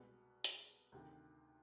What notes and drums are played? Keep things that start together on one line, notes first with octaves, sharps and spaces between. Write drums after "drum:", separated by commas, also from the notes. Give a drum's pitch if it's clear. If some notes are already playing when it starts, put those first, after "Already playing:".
Already playing: C2 B2 G#3 B3
drum: hi-hat
D2 C3 D#3